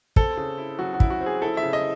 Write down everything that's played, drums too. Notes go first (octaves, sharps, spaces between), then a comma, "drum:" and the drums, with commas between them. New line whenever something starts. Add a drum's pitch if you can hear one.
C4 A4, drum: kick
C#3
E4
F#3 F#4
F#4
E4, drum: kick
F#4
C4
G#4
E4 A4
E5
C#3
D#5